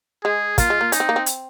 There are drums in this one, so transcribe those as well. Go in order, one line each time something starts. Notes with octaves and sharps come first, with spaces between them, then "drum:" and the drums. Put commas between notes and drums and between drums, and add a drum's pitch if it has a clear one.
G#3 G#4
A#3 F4, drum: kick, hi-hat
G#3
A#3
C#4 D#4, drum: hi-hat
C4
A#3
C4
drum: hi-hat